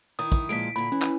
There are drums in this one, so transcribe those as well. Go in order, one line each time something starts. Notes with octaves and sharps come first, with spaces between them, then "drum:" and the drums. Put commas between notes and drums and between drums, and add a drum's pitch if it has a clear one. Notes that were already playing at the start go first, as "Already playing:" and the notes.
D#3 E4 D#6
drum: kick, tambourine
A#2 F3 G#3 B6 D7
A#2 D3 B5
E3 C#4
drum: clap